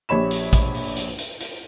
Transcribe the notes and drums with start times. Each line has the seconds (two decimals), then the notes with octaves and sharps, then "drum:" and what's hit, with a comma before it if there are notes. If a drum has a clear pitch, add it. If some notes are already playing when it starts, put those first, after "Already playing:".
0.09 A#1 G4 C#5 B5 E7
0.31 drum: hi-hat
0.53 drum: kick A1, hi-hat
0.75 drum: open hi-hat
0.97 drum: hi-hat
1.19 drum: hi-hat
1.40 drum: hi-hat